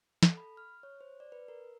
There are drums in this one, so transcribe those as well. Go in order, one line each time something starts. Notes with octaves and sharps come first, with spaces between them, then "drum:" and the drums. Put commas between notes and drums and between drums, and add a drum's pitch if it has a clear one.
A4, drum: snare
B5
F6
C#5
C5
D5
B4
A#4